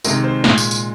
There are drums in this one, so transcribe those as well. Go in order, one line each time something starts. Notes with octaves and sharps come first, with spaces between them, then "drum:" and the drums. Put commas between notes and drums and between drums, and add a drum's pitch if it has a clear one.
C3 D#3 G#3 A#4, drum: tambourine
C5
A#2 G#3, drum: snare
drum: tambourine
drum: tambourine